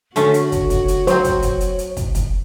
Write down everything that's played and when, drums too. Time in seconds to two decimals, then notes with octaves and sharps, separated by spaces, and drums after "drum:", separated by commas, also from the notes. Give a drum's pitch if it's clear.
0.16 D3 A3 C#4 F#4 C#5, drum: hi-hat
0.34 drum: hi-hat
0.52 drum: kick, hi-hat
0.70 drum: kick, hi-hat
0.88 drum: hi-hat
1.07 F#3 C4 C5, drum: hi-hat
1.24 drum: kick, hi-hat
1.42 drum: kick, hi-hat
1.60 drum: hi-hat
1.79 drum: hi-hat
1.97 drum: kick, hi-hat
2.15 drum: kick, hi-hat